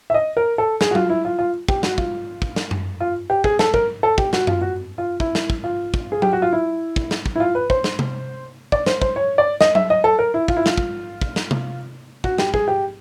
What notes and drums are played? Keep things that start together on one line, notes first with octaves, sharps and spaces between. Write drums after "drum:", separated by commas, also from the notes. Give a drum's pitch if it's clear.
E5
D#5
A#4
A4
G#4, drum: snare
F#4
F4, drum: tom F#3
E4
F4
F4
G4, drum: kick
F#4, drum: snare
F4, drum: kick
drum: kick
drum: snare
drum: tom F#2
F4
G4
G#4, drum: kick
A4, drum: snare
A#4, drum: kick
A4
G4, drum: kick
F#4, drum: snare
F4, drum: tom F#2
F#4
F4
E4, drum: kick
drum: snare
drum: kick
F4
drum: kick
G#4
G4, drum: tom F#3
F#4
F4
E4
drum: kick
drum: snare
drum: kick
E4
F4
B4
C5, drum: kick
drum: snare
drum: tom C3
D5, drum: kick
C5, drum: snare
C5, drum: kick
C#5
D5
D#5, drum: snare
E5, drum: tom F#3
D#5
A4
A#4
E4
F4, drum: kick
E4
F4, drum: snare
drum: kick
drum: kick
drum: snare
drum: tom C3
F#4, drum: kick
G4, drum: snare
G#4, drum: kick
G4